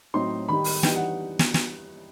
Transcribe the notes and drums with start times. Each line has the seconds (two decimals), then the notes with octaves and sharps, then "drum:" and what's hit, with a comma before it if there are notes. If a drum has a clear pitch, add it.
0.14 A2 F#3 C4 D#4 C6
0.49 D#3 G3 D#4 B5
0.64 drum: open hi-hat
0.83 E3 G3 D#4 G5, drum: snare
0.95 F#5
1.39 drum: snare
1.54 drum: snare